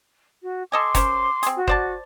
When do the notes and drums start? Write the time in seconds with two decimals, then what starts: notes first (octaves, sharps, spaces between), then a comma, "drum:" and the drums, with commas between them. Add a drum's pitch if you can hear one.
0.41 F#4
0.72 A4 D#5 G#5 C6 D6
0.95 C#4 A#4 C5, drum: kick, hi-hat
1.43 C4 G#4, drum: hi-hat
1.56 F#4
1.67 C5 D5 A5, drum: kick